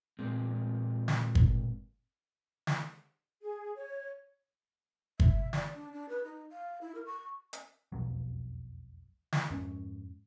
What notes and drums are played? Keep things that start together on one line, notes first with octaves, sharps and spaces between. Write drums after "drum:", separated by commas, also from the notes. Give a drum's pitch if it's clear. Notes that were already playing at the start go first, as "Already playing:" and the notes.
A#2 G#3 C4
drum: snare
drum: kick G1
drum: snare
G#4
C#5
E5, drum: kick G1
D5, drum: snare
D4
D4
B4
D#4
F5
E4
A#4
C#6
drum: hi-hat
E1 B1 F2 F#3
drum: snare
F2 G#2 C#4